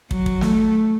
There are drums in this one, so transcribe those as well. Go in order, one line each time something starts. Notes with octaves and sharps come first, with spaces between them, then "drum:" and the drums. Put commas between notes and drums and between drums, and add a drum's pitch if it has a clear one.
F#3, drum: kick
drum: kick
A3, drum: snare